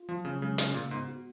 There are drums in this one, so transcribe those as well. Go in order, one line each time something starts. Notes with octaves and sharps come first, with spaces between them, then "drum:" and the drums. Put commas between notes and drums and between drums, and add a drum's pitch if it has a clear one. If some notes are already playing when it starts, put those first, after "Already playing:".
Already playing: F4
F3 F#3
C#3 F#3
C#3 G#3
C#3 C#4, drum: hi-hat
A#2 C#3
G#2 B3
F#4